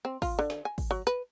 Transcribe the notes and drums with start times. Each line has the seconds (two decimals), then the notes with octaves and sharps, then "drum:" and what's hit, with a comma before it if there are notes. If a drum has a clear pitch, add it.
0.05 C4
0.22 F4, drum: kick, open hi-hat
0.39 D3
0.50 drum: snare
0.65 G#5
0.78 drum: kick, open hi-hat
0.91 F#3
1.07 B4, drum: hi-hat